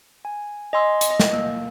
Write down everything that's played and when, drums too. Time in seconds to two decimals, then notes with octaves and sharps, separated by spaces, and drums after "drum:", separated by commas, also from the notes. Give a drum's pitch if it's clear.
0.25 G#5
0.73 D#5 G#5 C6 E6
1.01 drum: hi-hat
1.11 D#5
1.20 drum: snare
1.33 A#3